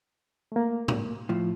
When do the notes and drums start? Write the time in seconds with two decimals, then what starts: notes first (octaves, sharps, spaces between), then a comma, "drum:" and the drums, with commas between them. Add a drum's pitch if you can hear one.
0.52 A3 A#3
0.88 drum: tom A2
1.29 A2 F3